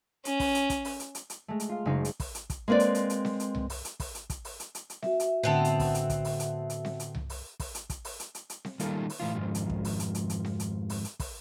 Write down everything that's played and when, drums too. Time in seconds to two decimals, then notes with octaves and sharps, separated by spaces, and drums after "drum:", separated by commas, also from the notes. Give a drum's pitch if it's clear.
0.25 C#4, drum: hi-hat
0.40 drum: kick, open hi-hat
0.55 drum: hi-hat
0.70 drum: kick, hi-hat
0.85 drum: open hi-hat
1.00 drum: hi-hat
1.15 drum: hi-hat
1.30 drum: hi-hat
1.48 G#3 A3
1.60 drum: hi-hat
1.69 F4 F5
1.85 F#1 C#3 G#3 D#4 C7
2.05 drum: hi-hat
2.20 drum: kick, open hi-hat
2.35 drum: hi-hat
2.50 drum: kick, hi-hat
2.68 G#3 A#3 C4 B4 D5
2.80 drum: hi-hat
2.95 drum: hi-hat
3.10 drum: hi-hat
3.25 drum: snare C4
3.40 drum: hi-hat
3.55 drum: tom C2
3.70 drum: open hi-hat
3.85 drum: hi-hat
4.00 drum: kick, open hi-hat
4.15 drum: hi-hat
4.30 drum: kick, hi-hat
4.45 drum: open hi-hat
4.60 drum: hi-hat
4.75 drum: hi-hat
4.90 drum: hi-hat
5.02 F#4 E5, drum: snare C4
5.20 drum: hi-hat
5.44 A2 D3 B3 C4 A4
5.65 drum: hi-hat
5.80 drum: kick, open hi-hat
5.95 drum: hi-hat
6.10 drum: kick, hi-hat
6.25 drum: open hi-hat
6.40 drum: hi-hat
6.70 drum: hi-hat
6.85 drum: snare C4
7.00 drum: hi-hat
7.15 drum: tom C2
7.30 drum: open hi-hat
7.60 drum: kick, open hi-hat
7.75 drum: hi-hat
7.90 drum: kick, hi-hat
8.05 drum: open hi-hat
8.20 drum: hi-hat
8.35 drum: hi-hat
8.50 drum: hi-hat
8.65 drum: snare C4
8.80 D#3 G3 A#3 F4 A4, drum: hi-hat
9.10 drum: open hi-hat
9.20 A2 E3 F4
9.35 F2 G#2 D#3 F3
9.55 drum: hi-hat
9.70 drum: kick
9.85 drum: open hi-hat
10.00 drum: hi-hat
10.15 drum: hi-hat
10.30 drum: hi-hat
10.45 drum: snare C4
10.60 drum: hi-hat
10.90 drum: open hi-hat
11.05 drum: hi-hat
11.20 drum: kick, open hi-hat